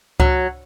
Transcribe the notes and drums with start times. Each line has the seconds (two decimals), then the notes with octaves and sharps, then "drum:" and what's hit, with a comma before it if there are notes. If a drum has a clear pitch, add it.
0.20 F#3, drum: kick C#2